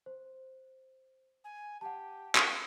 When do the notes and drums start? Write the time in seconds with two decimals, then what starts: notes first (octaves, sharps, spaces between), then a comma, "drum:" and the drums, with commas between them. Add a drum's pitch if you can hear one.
0.06 C5
1.44 G#5
1.81 G4 F#5 A5
2.35 drum: clap